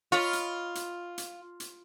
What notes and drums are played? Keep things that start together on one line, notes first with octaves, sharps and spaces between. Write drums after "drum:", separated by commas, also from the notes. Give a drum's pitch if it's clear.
F4 C#5 D#5 B5
drum: hi-hat
drum: hi-hat
drum: hi-hat
drum: hi-hat